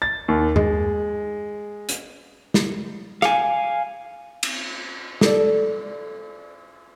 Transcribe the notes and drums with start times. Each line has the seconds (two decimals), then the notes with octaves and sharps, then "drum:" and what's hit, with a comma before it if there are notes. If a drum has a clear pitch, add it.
0.02 A6
0.28 D#2
0.56 G#3, drum: tom F#2
1.89 drum: hi-hat
2.54 drum: snare
3.22 F5 G#5, drum: rim click
4.43 drum: cymbal
5.21 A4 D5, drum: snare